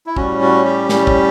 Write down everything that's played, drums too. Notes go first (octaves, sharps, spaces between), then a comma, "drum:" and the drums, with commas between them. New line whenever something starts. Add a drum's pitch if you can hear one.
E4
A2 G3 C#4 F#4, drum: kick
F#4
G4
A2 G3 C#4, drum: snare
drum: kick